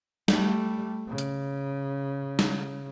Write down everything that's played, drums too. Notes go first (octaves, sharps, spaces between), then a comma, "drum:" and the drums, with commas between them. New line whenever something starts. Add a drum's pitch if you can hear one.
G3 A3, drum: snare
C#3
drum: hi-hat
drum: snare